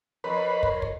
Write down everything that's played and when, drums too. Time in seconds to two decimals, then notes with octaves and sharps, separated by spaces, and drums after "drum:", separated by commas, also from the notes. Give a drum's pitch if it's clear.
0.24 F2 A#4 B4 C#5 C6
0.63 drum: kick
0.82 drum: kick